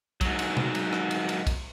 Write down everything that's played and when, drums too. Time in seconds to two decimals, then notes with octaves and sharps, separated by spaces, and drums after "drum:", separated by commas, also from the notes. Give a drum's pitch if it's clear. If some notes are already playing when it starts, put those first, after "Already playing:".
0.21 G#2 F#3, drum: kick, cymbal
0.39 drum: cymbal
0.57 drum: tom B2
0.75 drum: cymbal
0.93 drum: rim click
1.11 drum: cymbal
1.29 drum: cymbal
1.47 drum: kick, cymbal